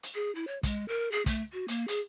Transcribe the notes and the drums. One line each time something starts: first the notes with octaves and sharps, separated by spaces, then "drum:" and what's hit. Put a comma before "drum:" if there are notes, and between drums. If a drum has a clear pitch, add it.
drum: hi-hat
G#4
E4
C#5
G#3, drum: kick, hi-hat
A#4
G#4
A3, drum: kick, hi-hat
F#4
A#3, drum: hi-hat
G#4, drum: hi-hat